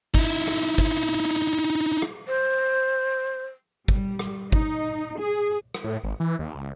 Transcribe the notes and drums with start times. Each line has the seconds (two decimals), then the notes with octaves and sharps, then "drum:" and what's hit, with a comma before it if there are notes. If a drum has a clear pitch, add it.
0.14 D#4 E4, drum: kick
0.47 drum: rim click
0.78 drum: kick
2.02 drum: rim click
2.28 C5
3.88 G3, drum: kick
4.19 drum: rim click
4.52 D#4, drum: kick
5.19 G#4
5.74 drum: rim click
5.84 A2
6.04 G#1
6.20 E3
6.39 D#2
6.54 C#2